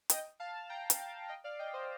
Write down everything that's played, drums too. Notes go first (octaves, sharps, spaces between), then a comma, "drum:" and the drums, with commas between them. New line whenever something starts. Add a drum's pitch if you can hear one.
D#5 G5, drum: hi-hat
F5 A5
G5 A#5
drum: hi-hat
F5 A5
D#5 G5
D5 F5
D#5 G5
C5 D#5